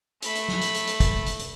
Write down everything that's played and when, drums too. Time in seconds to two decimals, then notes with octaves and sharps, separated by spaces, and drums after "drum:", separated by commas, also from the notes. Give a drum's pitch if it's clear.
0.22 A3 B5, drum: hi-hat
0.35 drum: hi-hat
0.48 drum: snare
0.61 drum: hi-hat
0.74 drum: hi-hat
0.87 drum: hi-hat
1.00 drum: kick, hi-hat
1.26 drum: hi-hat
1.39 drum: hi-hat